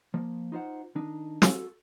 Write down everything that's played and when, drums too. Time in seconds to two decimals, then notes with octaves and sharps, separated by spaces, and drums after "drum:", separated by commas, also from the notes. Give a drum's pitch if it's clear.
0.14 F3 A#3
0.52 D#4 F4 C5 F#5
0.95 D#3 D4 D#4
1.42 F#4 A4, drum: snare